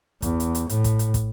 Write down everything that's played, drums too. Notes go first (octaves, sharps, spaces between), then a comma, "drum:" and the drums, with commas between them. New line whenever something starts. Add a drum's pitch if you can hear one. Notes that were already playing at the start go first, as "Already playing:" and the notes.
E2, drum: kick, hi-hat
drum: hi-hat
drum: hi-hat
A2, drum: hi-hat
drum: kick, hi-hat
drum: hi-hat
drum: kick, hi-hat